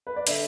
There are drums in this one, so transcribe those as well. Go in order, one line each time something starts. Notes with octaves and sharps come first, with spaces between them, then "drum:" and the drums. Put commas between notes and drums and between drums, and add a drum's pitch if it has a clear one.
B4
D5
D3 E5, drum: hi-hat